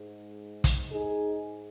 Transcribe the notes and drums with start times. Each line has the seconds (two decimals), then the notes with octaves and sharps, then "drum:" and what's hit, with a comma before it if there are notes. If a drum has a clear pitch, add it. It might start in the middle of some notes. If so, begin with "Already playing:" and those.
Already playing: G#2 G#3
0.64 drum: kick, hi-hat
0.91 D#4 G#4